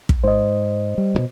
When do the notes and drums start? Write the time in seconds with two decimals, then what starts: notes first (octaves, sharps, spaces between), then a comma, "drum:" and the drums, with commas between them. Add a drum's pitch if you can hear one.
0.09 drum: kick
0.24 G#2 C5 D#5
0.98 G3
1.15 D2 B2